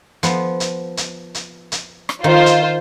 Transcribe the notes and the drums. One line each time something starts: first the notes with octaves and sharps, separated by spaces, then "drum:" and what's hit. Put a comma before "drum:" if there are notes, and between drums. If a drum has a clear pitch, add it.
F3 B3, drum: hi-hat
drum: hi-hat
drum: hi-hat
drum: hi-hat
drum: hi-hat
drum: rim click
D#3 F4 C5
drum: hi-hat